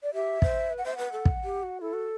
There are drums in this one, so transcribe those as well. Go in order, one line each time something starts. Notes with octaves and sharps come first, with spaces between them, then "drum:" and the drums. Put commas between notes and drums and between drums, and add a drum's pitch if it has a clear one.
D5
G4 E5
C5, drum: kick
B4
F#5
C5 E5
B4 F#5
A4
drum: kick
G4
F#4
E4 A4
F#4